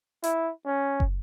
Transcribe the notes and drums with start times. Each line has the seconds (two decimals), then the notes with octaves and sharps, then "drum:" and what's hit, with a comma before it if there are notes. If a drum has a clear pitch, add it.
0.24 E4, drum: hi-hat
0.66 C#4
1.00 drum: kick